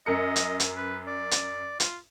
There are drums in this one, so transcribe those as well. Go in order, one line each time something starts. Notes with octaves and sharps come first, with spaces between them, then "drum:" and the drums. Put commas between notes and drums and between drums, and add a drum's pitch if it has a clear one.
F#2 A#4 D#5 C#7
drum: hi-hat
drum: hi-hat
B4
D5
drum: hi-hat
F4, drum: hi-hat